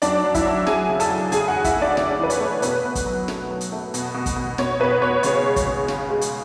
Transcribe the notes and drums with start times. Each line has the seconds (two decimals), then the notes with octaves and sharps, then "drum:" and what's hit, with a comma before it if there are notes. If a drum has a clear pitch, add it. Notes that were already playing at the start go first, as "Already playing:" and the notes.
0.02 F#3 D4 D5, drum: hi-hat
0.24 F#3
0.35 E4 E5, drum: kick, hi-hat
0.46 F#3
0.67 F#3 G#4 G#5, drum: snare
0.90 C#3
1.00 A4 A5, drum: hi-hat
1.10 F#3
1.32 C#3 G#4 G#5, drum: hi-hat
1.48 F#4 F#5
1.54 C#3
1.64 E4 E5, drum: kick, hi-hat
1.76 A3
1.82 D4 D5
1.97 C#3 D4 D5, drum: snare
2.19 E3 B4
2.30 C#5, drum: hi-hat
2.40 A3
2.62 B2 B4, drum: hi-hat
2.85 B2
2.95 drum: kick, hi-hat
3.06 F#3
3.28 A3, drum: snare
3.50 F#3
3.61 drum: hi-hat
3.72 A3
3.94 B2, drum: hi-hat
4.14 B2
4.26 drum: kick, hi-hat
4.36 B2
4.58 B2 C#5, drum: snare
4.80 B2 B4
5.01 B2 C#5
5.23 C#3 C#5, drum: hi-hat
5.46 G#3
5.56 drum: kick, hi-hat
5.67 C#3
5.88 C#3, drum: snare
6.10 G#3
6.21 drum: hi-hat